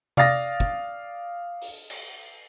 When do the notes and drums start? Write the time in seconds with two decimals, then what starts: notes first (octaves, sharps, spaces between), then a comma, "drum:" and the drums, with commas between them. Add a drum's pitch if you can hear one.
0.17 D5 F5 D#6 A6 A#6, drum: tom C3
0.60 drum: kick
1.62 drum: open hi-hat
1.90 drum: cymbal